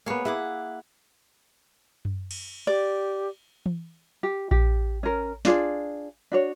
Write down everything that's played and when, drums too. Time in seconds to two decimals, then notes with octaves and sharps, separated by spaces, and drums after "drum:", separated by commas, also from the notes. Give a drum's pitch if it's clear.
0.06 A#3 B3 G#4 C#5
0.25 A#3 E4 G#4 E5 F#5 D6
2.05 drum: tom F#2
2.31 drum: cymbal
2.67 G4 D5
3.66 drum: tom E3
4.23 G4
4.51 G4, drum: kick A#1
5.03 C#4 A#4
5.45 D4 F4 G#4 D5, drum: snare
6.32 D4 F#4 C#5